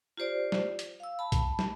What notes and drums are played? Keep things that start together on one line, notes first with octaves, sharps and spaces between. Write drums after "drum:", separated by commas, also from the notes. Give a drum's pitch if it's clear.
F4 G4 C5 D5
drum: snare
drum: hi-hat
F5 E6
A5 B5
drum: kick C2, hi-hat
drum: snare